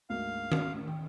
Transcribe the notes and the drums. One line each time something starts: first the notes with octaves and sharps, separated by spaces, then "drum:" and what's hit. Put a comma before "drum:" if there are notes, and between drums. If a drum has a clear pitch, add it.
D2 G#2 A#3 F5
drum: tom D#3
A2
G5